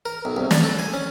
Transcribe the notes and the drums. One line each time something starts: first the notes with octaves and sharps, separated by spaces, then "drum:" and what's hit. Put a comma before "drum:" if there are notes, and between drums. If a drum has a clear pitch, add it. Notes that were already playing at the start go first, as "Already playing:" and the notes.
A#4
B1
C2
D5, drum: snare
A4
G#5
C#4